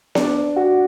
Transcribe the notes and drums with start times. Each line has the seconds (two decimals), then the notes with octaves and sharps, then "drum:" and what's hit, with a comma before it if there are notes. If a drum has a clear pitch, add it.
0.15 D4, drum: snare B3
0.56 F#4